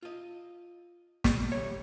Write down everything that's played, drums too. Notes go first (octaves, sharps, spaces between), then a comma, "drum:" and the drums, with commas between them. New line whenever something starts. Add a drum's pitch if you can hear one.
F4 D#5
drum: snare
D#3 G3 A3 C#5